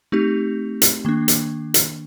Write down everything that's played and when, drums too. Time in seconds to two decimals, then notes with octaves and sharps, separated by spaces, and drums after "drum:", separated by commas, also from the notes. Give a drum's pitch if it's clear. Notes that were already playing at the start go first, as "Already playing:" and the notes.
0.12 A3 C4 D#4 G4
0.82 drum: hi-hat
1.05 D#3 A#3 D4
1.28 drum: hi-hat
1.74 drum: hi-hat